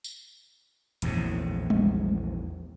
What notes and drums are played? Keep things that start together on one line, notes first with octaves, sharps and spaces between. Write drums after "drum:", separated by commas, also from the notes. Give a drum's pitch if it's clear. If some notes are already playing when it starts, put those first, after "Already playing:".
drum: tambourine
A#1 E2 A2 C3, drum: hi-hat
drum: tom G3